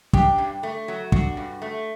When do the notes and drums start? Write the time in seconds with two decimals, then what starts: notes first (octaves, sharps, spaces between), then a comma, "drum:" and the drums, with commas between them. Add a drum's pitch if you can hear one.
0.13 D4 G4, drum: kick
0.38 G2
0.63 A3
0.88 F#3
1.12 D4 F#4, drum: kick
1.37 G2
1.62 A3